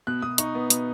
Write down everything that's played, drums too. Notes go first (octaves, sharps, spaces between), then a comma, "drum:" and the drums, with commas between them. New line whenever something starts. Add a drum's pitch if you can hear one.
B2 F#6
B2 D#6
D#4 C#6, drum: hi-hat
B3
B2, drum: hi-hat